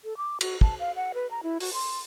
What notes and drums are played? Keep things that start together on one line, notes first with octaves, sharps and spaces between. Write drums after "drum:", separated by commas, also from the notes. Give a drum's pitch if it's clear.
A4
D6
F#4, drum: cymbal
A5, drum: kick
F5
F#5
B4
A#5
E4
F#4, drum: open hi-hat
C6